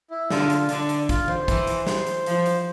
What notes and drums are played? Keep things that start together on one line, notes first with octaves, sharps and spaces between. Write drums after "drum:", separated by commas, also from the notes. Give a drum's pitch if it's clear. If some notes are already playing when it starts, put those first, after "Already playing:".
E4
D3 F4, drum: snare
drum: hi-hat
D3 D4, drum: hi-hat
drum: hi-hat
F4, drum: kick, hi-hat
C5, drum: tom E3
E3, drum: kick, hi-hat
drum: hi-hat
C5, drum: snare
drum: hi-hat
F3, drum: hi-hat
drum: hi-hat